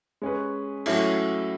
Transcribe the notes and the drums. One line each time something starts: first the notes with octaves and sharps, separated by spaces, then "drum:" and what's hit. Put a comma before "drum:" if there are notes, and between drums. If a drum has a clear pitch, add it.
G#3 C#4 G#4 B4
A2 F#3 C#4 E4 A4, drum: cymbal